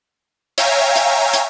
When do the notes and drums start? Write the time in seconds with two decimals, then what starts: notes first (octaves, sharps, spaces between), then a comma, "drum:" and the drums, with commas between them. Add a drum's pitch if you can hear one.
0.58 C#5 E5 F5 G5 G#5 A#5, drum: hi-hat
0.96 drum: hi-hat
1.33 drum: hi-hat